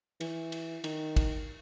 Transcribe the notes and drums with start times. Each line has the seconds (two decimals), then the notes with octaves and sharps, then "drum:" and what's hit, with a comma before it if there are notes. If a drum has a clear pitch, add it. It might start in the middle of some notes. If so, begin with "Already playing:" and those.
0.21 E3, drum: cymbal
0.52 drum: cymbal
0.84 D#3, drum: cymbal
1.16 drum: kick, cymbal